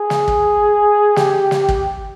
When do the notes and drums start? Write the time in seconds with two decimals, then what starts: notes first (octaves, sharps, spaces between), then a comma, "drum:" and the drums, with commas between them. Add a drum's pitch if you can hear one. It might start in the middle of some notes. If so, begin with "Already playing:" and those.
Already playing: G#4
0.10 drum: snare
0.28 drum: kick
1.16 G4, drum: snare
1.51 drum: snare
1.69 drum: kick